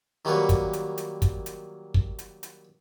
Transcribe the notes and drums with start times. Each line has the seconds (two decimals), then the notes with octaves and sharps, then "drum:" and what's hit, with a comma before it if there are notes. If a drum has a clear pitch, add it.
0.25 D#3 F#3 G3 A#3 B4 C#5
0.49 drum: kick, hi-hat
0.73 drum: hi-hat
0.98 drum: hi-hat
1.22 drum: kick, hi-hat
1.46 drum: hi-hat
1.94 drum: kick
2.19 drum: hi-hat
2.43 drum: hi-hat